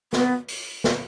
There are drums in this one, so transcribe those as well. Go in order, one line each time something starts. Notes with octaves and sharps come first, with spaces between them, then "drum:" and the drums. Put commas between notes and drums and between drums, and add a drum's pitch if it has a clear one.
B3, drum: snare
drum: open hi-hat
B3, drum: snare